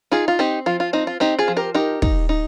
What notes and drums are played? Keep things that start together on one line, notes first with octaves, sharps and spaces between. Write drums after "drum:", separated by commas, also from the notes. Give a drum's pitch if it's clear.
D#4 F4 G#4
F4
C4 D#4 G4
F3 F4
F4
C4 D#4
F4
C4 D#4 G4
F4 G#4
F3
G4 A#4
D#4 G4 A#4
D#4, drum: kick
D#4